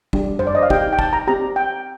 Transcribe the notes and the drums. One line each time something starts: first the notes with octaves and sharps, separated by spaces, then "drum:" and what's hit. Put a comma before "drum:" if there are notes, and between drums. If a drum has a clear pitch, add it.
G3 D4 G4, drum: kick
C5, drum: tom F#2
D5
D#5
F5
C4 D#4 G4 G5, drum: kick
G5
A5, drum: kick
A#5
C4 G4 A#5
G5